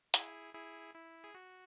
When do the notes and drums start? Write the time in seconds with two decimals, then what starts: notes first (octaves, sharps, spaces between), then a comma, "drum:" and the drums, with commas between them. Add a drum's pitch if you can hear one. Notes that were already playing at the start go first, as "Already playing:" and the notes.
0.14 E4 G#4, drum: hi-hat
0.54 E4 G#4
0.94 E4
1.24 G#4
1.34 F#4